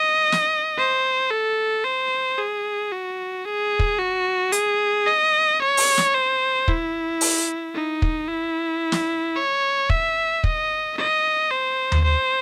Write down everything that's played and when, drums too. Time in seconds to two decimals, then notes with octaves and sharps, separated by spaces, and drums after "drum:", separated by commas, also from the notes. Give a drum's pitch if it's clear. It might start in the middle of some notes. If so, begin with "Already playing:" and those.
Already playing: D#5
0.32 drum: snare
0.78 C5
1.31 A4
1.84 C5
2.38 G#4
2.92 F#4
3.45 G#4
3.79 drum: kick
3.99 F#4
4.52 G#4, drum: hi-hat
5.06 D#5
5.60 C#5
5.77 drum: open hi-hat
5.98 drum: snare
6.14 C5
6.68 E4, drum: kick
7.21 drum: open hi-hat
7.75 D#4
8.02 drum: kick
8.28 E4
8.92 drum: snare
9.36 C#5
9.90 E5, drum: kick
10.44 D#5, drum: kick
10.97 D#5
11.51 C5
11.92 drum: tom D#2
12.04 C5